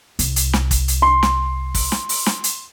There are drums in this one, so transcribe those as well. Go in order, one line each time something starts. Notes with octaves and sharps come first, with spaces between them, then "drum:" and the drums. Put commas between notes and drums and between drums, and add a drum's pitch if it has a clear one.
C2, drum: hi-hat
drum: hi-hat
drum: snare
drum: kick, hi-hat
drum: hi-hat
C6
drum: snare
drum: kick, open hi-hat
drum: snare
drum: open hi-hat
drum: snare
drum: hi-hat